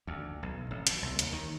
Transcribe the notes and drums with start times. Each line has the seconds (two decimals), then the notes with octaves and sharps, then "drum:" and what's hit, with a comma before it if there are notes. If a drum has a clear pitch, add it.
0.07 D2
0.43 B1
0.71 A1
0.87 B2, drum: hi-hat
1.02 C2
1.19 D#2, drum: hi-hat
1.33 D#3